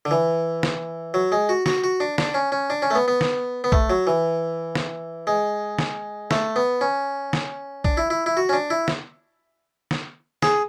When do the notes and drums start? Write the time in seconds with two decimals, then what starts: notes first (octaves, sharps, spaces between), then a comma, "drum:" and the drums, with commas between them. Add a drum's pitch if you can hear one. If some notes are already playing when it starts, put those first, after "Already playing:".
0.05 D3
0.11 E3
0.63 drum: snare
1.14 F#3
1.32 G#3
1.49 F#4
1.66 F#4, drum: snare
1.84 F#4
2.00 D4
2.18 D4, drum: snare
2.34 C#4
2.52 C#4
2.70 D4
2.82 C#4
2.91 A3
2.95 B3
3.08 B3
3.21 drum: snare
3.64 B3
3.72 A3, drum: kick
3.90 F#3
4.07 E3
4.75 drum: snare
5.27 G#3
5.79 drum: snare
6.31 A3, drum: snare
6.56 B3
6.81 C#4
7.33 drum: snare
7.85 D4, drum: kick
7.97 E4
8.10 E4
8.26 E4
8.37 F#4
8.49 C#4
8.53 D4
8.70 E4
8.88 drum: snare
9.91 drum: snare
10.42 G#4, drum: snare